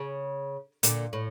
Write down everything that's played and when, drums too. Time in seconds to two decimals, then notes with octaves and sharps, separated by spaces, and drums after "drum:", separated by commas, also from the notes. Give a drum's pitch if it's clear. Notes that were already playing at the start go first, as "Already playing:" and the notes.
Already playing: C#3
0.83 A#2 D3, drum: hi-hat
1.13 A2